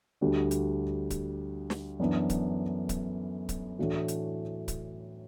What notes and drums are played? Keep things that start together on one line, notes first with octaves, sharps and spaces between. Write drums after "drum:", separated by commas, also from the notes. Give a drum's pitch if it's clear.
D2 D3 G3 D4 F#4
drum: hi-hat
drum: kick C#1, hi-hat
drum: snare
F#2 E3 B3 D4
drum: kick C#1, hi-hat
drum: kick C#1, hi-hat
drum: kick C#1, hi-hat
A2 E3 A3 D4 F#4
drum: hi-hat
drum: kick C#1, hi-hat